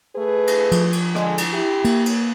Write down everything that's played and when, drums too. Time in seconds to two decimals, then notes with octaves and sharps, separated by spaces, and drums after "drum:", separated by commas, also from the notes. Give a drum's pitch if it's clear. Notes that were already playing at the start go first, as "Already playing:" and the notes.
0.16 A3 G#4 B4
0.47 drum: cymbal
0.72 F3, drum: cymbal
0.93 drum: cymbal
1.15 D3 G#3, drum: rim click
1.38 drum: cymbal
1.52 E4 G4
1.85 A#3, drum: cymbal
2.06 drum: cymbal